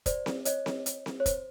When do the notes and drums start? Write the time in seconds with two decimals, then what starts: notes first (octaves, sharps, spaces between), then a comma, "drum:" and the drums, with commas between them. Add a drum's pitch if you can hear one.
0.06 C5 D5, drum: kick, hi-hat
0.26 drum: snare C4
0.45 C#5 D#5, drum: hi-hat
0.66 drum: snare C4
0.86 drum: hi-hat
1.06 drum: snare C4
1.20 C#5
1.26 C5, drum: kick, hi-hat